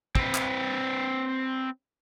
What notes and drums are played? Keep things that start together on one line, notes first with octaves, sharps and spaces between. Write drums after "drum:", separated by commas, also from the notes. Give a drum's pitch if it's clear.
C4 B4, drum: kick
drum: clap